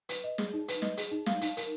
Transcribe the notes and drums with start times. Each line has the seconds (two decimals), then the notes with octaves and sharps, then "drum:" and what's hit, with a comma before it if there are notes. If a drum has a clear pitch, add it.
0.09 B4, drum: hi-hat
0.24 D#5
0.38 G#4, drum: snare
0.53 D#4
0.68 B4, drum: hi-hat
0.82 D#5, drum: snare
0.97 G#4, drum: hi-hat
1.11 D#4
1.26 F5, drum: snare
1.41 D#4, drum: hi-hat
1.57 A#4, drum: hi-hat